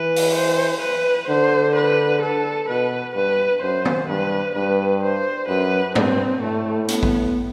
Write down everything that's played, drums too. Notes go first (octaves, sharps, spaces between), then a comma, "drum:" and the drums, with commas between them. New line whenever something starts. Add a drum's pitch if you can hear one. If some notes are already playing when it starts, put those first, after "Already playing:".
Already playing: E3 B4
drum: open hi-hat
C5
B4
D3 C5
B4
A4
B2 B4
G2 B4
F#2 C5
drum: tom
G2 B4
G2 B4
C5
F#2 B4
G2 C4, drum: tom
A2 A3
B3, drum: hi-hat
drum: kick A1